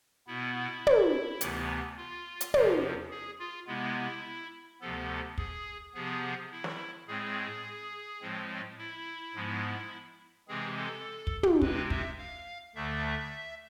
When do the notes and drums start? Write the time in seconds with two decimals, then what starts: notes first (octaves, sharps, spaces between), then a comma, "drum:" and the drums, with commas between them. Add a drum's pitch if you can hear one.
0.27 B2 B3 E4
0.87 drum: tom
1.41 D2 C3 E3 B3, drum: hi-hat
1.97 F4
2.41 drum: hi-hat
2.54 E2 C3 F3, drum: tom
3.11 G#4
3.39 F4
3.67 C3 G#3 B3 E4
4.81 D2 C3 F3 B3 A4
5.38 G#4, drum: kick
5.95 C3 F3 B3 G#4
6.51 E4
6.64 drum: snare
7.07 A2 G#3 C4 G#4
8.21 A2 F3 G#3 C4
8.78 E4
9.34 G#2 F3 G#3 B3
10.48 C3 E3 G#3 C4 G#4
10.77 A4
11.27 drum: kick
11.43 drum: tom
11.62 C3 G#3 C4 B4, drum: kick
11.90 E5, drum: kick
12.18 F5
12.75 D2 D3 A3 E5